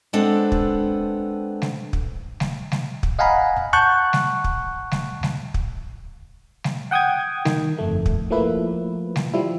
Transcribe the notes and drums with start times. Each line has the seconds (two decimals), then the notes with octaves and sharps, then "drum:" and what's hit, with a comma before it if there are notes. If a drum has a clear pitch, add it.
0.13 G#3 B3 C4 D4 A4
0.52 drum: kick
1.62 drum: snare G3
1.93 drum: kick
2.40 drum: snare G3
2.72 drum: snare G3
3.03 drum: kick
3.19 D#5 F5 F#5 G#5 A#5 B5
3.73 F#5 A5 C#6 F#6 G6
4.13 drum: snare G3
4.44 drum: kick
4.91 drum: snare G3
5.23 drum: snare G3
5.54 drum: kick
6.64 drum: snare G3
6.91 F#5 G5 D#6 G6 G#6
7.45 D#3, drum: snare G3
7.78 G1 F2 A3
8.06 drum: kick
8.30 F3 A3 A#3 E4 B4
9.16 drum: snare G3
9.34 F3 G3 E4